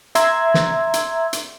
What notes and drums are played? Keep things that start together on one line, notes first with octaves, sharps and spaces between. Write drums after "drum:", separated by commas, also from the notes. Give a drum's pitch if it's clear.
E5 A#5 C6 E6 G#6, drum: hi-hat
drum: snare
drum: hi-hat
drum: hi-hat